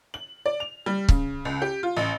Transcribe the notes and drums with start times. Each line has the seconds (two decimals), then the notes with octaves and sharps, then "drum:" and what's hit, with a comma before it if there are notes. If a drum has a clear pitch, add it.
0.14 F#7
0.46 D5
0.60 F7
0.86 G3
1.09 C#3, drum: kick C#1
1.45 C#2
1.62 G4
1.83 F4
1.97 A1